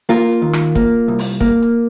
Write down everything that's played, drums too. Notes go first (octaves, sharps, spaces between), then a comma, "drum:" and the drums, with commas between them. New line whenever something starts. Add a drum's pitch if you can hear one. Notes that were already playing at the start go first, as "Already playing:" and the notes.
A#3 F4 A#4
drum: hi-hat
D#2
drum: rim click
A#3, drum: kick, hi-hat
C2
drum: open hi-hat
A#3, drum: kick
drum: hi-hat